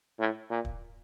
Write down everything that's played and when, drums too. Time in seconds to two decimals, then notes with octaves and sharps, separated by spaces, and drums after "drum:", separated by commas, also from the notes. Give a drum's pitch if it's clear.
0.19 A2
0.50 A#2
0.65 drum: kick